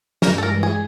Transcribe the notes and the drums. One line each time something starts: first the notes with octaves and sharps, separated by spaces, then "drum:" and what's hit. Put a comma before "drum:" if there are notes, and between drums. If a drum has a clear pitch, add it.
G2 E3 G#3 A#4, drum: snare
A4
A#4
G#4